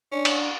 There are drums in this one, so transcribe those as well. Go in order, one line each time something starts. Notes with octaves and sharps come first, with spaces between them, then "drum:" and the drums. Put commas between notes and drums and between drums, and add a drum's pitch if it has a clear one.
C#4 D4
drum: cymbal